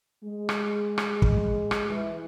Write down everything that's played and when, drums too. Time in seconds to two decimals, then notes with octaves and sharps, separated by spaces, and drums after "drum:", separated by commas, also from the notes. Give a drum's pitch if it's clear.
0.24 G#3
0.49 drum: rim click
0.98 drum: rim click
1.22 drum: kick
1.71 drum: rim click
1.90 E3